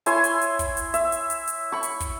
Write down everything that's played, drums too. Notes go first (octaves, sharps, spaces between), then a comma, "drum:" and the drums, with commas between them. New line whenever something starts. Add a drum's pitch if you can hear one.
E4 C#5 G#5 C6, drum: hi-hat
drum: hi-hat
drum: hi-hat
drum: kick, hi-hat
drum: hi-hat
E5, drum: hi-hat
drum: hi-hat
drum: hi-hat
drum: hi-hat
B5 C#6
drum: hi-hat
drum: kick, hi-hat